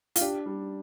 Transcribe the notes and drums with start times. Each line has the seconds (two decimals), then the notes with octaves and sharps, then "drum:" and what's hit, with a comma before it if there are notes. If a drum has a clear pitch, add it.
0.16 F4, drum: hi-hat
0.21 D4 G4
0.46 G3